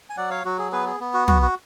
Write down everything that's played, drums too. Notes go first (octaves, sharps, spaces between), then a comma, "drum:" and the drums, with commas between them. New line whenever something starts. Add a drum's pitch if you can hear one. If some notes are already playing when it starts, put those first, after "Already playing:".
G#5
F#3 D5 F#5
C#5 F5
F#3 F#4
G#4
B3 G#4 B4
G#4
B3
F#4
F#4, drum: tom
F#4